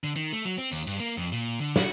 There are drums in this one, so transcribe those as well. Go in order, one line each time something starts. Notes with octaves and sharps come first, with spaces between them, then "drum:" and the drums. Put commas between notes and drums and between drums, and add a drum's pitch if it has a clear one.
D3
D#3
A3
F#3
C4
D#2, drum: tambourine
G2, drum: tambourine
A#3
F2
A#2
D3
F#4, drum: snare